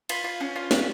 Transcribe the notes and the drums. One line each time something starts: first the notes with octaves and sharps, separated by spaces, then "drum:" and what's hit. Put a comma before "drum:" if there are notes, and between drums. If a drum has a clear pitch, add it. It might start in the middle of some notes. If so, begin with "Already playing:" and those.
F4 B5, drum: cymbal
F4
C#4
F4
C#4, drum: snare